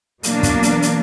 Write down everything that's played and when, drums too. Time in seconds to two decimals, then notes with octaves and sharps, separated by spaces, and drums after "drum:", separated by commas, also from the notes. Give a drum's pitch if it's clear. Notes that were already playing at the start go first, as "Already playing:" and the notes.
0.23 B2 E3 F#3 A#3 D4, drum: hi-hat
0.43 drum: kick, hi-hat
0.63 drum: hi-hat
0.82 drum: hi-hat